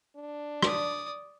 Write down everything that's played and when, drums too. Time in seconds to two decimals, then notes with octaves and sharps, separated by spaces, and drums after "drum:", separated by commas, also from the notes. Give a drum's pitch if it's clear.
0.16 D4
0.63 D5 D#6, drum: rim click